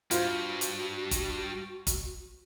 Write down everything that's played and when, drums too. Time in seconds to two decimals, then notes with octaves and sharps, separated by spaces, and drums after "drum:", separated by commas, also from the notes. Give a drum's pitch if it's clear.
0.11 G2 F4 F#4 C5, drum: hi-hat
0.61 drum: hi-hat
1.11 drum: kick, hi-hat
1.87 drum: kick, hi-hat